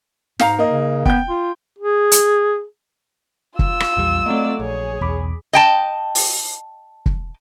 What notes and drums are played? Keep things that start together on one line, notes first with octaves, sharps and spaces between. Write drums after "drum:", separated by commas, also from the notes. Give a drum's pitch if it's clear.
G#2 D#4 F5 A#5, drum: snare
A#3 D#5
C#3
B3 G5 G6, drum: kick
F4
G#4
drum: hi-hat
F4 E6, drum: kick
drum: rim click
A#1 E2 G3
F#3 A3 A#3 C4 D5 D#5
A#1 G#4 C#5
B1 E2 B5 D6
D#5 G5 A5
drum: open hi-hat
drum: kick